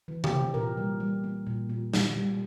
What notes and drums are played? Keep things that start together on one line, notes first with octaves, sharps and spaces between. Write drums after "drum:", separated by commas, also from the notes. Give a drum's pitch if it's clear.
E3
G4, drum: tom C3
E3
A#2 A#4
G3
G3
A#3
A#2
A#2
A#2, drum: snare
G3